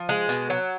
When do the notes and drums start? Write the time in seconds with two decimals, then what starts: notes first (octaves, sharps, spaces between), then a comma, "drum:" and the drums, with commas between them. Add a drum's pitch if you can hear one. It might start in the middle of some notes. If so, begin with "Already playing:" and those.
Already playing: F3
0.09 G#3
0.29 B2, drum: hi-hat
0.50 F#3